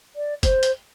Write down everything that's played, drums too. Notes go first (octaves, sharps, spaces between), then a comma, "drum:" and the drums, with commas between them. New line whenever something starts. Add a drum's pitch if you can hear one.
D5
C5, drum: kick F#1, hi-hat
drum: hi-hat